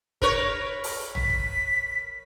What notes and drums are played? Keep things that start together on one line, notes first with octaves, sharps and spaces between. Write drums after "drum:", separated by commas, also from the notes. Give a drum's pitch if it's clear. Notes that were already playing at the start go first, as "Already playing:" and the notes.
A#4 B4 C#5, drum: kick
drum: open hi-hat
B6, drum: tom A#1
drum: kick